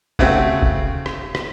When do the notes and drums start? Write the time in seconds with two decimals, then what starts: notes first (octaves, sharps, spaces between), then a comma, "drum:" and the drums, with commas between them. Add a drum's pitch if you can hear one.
0.19 C#3 A3 C4 F#4, drum: kick
0.62 drum: kick
1.06 drum: rim click
1.35 drum: rim click